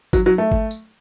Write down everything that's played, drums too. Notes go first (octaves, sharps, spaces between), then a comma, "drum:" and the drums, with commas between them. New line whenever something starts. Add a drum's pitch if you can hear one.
F#3, drum: kick G#1, tambourine
F#3
A3
drum: kick G#1
drum: tambourine